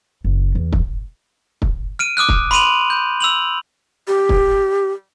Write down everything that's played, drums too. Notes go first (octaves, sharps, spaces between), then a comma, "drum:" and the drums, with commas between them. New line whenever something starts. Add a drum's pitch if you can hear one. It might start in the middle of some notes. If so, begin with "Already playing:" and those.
F#1
E2
drum: kick
drum: kick
F6 D7 D#7
D6 D#6 F6 F#6
drum: kick
B5 C6 D7 D#7 F7 F#7
G6
E6 F7 F#7
G4
drum: kick